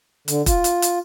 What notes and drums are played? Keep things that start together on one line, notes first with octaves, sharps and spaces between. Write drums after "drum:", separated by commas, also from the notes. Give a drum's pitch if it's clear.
D3, drum: hi-hat
F4, drum: kick E1, hi-hat
drum: hi-hat
drum: hi-hat